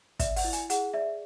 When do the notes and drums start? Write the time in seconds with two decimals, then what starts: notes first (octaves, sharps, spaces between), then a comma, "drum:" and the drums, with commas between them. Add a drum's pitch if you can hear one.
0.19 D5 E5, drum: kick, hi-hat
0.36 F#5, drum: open hi-hat
0.44 E4
0.53 G#5, drum: hi-hat
0.70 G#4 F#5, drum: hi-hat
0.94 D5 E5